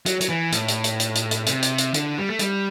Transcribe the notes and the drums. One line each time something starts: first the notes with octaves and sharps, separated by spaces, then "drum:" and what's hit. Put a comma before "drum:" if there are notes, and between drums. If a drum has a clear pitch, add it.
F#3, drum: hi-hat
F#3, drum: hi-hat
E3
A2, drum: hi-hat
drum: hi-hat
drum: hi-hat
drum: hi-hat
drum: hi-hat
drum: hi-hat
C3, drum: hi-hat
drum: hi-hat
drum: hi-hat
D3, drum: hi-hat
G3
A3
G3, drum: hi-hat